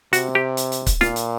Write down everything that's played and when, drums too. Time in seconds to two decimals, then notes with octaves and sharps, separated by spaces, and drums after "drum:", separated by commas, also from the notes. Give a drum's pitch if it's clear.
0.13 C3 F#4, drum: hi-hat
0.35 G4
0.57 drum: hi-hat
0.72 drum: hi-hat
0.87 drum: kick C#1, hi-hat
1.01 A#2 F4, drum: snare
1.16 drum: hi-hat